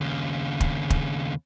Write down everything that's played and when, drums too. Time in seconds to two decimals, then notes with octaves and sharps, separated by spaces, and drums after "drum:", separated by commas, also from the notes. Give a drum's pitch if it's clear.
0.01 D#2 C#3
0.60 drum: kick
0.90 drum: kick